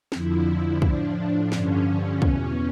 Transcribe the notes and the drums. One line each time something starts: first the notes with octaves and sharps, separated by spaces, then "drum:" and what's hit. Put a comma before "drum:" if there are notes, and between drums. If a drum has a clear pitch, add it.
F2 D3 F3 E4, drum: snare
A2 F3 D4, drum: kick
G2 D3 F3 C#4, drum: snare
E2 B2, drum: kick